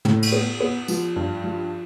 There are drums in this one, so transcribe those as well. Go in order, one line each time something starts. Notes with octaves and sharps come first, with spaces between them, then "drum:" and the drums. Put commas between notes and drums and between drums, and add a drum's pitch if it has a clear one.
A2, drum: tom
drum: cymbal
B3
B3
F3, drum: tambourine
G2
F3